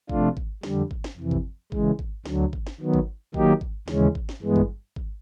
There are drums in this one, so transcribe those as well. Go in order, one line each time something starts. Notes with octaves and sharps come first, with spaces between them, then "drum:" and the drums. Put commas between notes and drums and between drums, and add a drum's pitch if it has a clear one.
C3 F3 A3 D4 F4, drum: kick G#1
drum: kick G#1
F2 D3 G3, drum: snare
drum: kick G#1
drum: snare
F2 C3 E3
drum: kick G#1
C#3 E3 G#3, drum: kick G#1
drum: kick G#1
D2 D3 F#3, drum: snare
drum: kick G#1
drum: snare
D#3 F#3 B3
drum: kick G#1
D#3 F#3 A#3 D#4 G4, drum: kick G#1
drum: kick G#1
D#2 C#3 E3 G#3 C#4, drum: snare
drum: kick G#1
drum: snare
G2 E3 G#3 B3
drum: kick G#1
drum: kick G#1